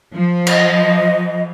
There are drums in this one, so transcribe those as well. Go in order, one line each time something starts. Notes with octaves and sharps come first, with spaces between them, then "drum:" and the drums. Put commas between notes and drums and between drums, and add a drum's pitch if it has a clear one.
F3
D#5, drum: cymbal